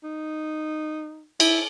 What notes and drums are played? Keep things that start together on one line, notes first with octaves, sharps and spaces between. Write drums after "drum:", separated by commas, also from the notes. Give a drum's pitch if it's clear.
D#4
E4, drum: cymbal